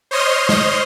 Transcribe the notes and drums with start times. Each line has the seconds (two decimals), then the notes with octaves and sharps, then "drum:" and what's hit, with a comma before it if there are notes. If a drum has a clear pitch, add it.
0.11 C5 C#5 D#5 C6 D#6 F6
0.49 drum: snare